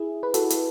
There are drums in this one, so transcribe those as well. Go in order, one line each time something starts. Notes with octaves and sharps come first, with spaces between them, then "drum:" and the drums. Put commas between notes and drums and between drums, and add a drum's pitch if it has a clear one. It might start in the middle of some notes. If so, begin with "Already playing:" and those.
Already playing: E4 G#4
B4
F#4 A4, drum: hi-hat
drum: hi-hat